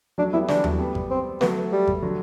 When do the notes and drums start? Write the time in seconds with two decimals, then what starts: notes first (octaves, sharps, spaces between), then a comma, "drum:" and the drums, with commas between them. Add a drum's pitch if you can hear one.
0.18 F#3 A3 D4
0.33 G3 B3 E4
0.48 E3 G3 D4, drum: snare
0.64 F#3 A3, drum: tom D#2
0.79 G3 B3
0.95 drum: kick G#1
1.11 C4
1.41 F#3 A3 B3, drum: snare
1.72 G3
1.87 drum: kick G#1
2.02 D3 F#3